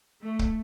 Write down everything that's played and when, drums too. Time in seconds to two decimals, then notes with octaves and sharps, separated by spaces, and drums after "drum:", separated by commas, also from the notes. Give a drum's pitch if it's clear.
0.22 A3
0.39 drum: kick